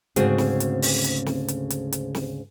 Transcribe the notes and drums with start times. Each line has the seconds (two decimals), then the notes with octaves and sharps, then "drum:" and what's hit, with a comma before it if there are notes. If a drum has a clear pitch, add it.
0.16 D2 G#2 C#3 C4 F#4 G#4, drum: hi-hat
0.38 drum: snare
0.60 drum: hi-hat
0.82 drum: open hi-hat
1.04 drum: hi-hat
1.26 drum: snare
1.48 drum: hi-hat
1.70 drum: hi-hat
1.93 drum: hi-hat
2.15 drum: snare